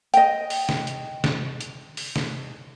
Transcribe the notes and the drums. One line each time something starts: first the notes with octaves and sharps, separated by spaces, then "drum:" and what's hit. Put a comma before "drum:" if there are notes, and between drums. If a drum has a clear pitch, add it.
D#5 G5, drum: hi-hat
drum: open hi-hat
drum: snare
drum: hi-hat
drum: snare
drum: hi-hat
drum: open hi-hat
drum: snare